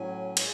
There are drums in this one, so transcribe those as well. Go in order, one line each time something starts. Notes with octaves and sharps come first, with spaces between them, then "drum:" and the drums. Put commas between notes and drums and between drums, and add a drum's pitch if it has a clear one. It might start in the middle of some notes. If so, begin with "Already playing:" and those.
Already playing: A2 F#3 C#4 G#5
G#3, drum: cymbal